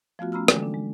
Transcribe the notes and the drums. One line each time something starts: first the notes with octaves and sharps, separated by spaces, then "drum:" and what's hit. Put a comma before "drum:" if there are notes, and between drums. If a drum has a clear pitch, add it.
F3 A3 B3 F4 F#4
A3 C#4 A#5 B5 E6 F6
D3 E3 G3 G#3 A4, drum: rim click
D4
G#3